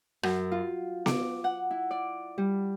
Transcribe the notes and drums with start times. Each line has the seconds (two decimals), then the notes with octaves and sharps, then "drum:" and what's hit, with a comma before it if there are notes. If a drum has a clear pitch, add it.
0.23 F#2, drum: rim click
0.52 F4
1.06 D6, drum: snare B3
1.44 F#5
1.71 E4
1.91 D5
2.38 G3